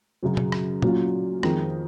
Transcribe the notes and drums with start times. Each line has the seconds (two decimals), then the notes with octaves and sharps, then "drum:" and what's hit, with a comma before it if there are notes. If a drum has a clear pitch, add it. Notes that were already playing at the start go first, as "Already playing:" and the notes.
0.23 F#2 C#3 F#3
0.37 drum: tom
0.52 drum: rim click
0.82 A#2 F#3 C#4 F4, drum: tom A#2
1.43 F2 D#3 G#3, drum: rim click